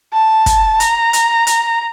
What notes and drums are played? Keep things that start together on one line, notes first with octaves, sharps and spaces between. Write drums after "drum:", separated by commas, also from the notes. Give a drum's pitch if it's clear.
A5
drum: kick, hi-hat
A#5, drum: hi-hat
drum: hi-hat
drum: hi-hat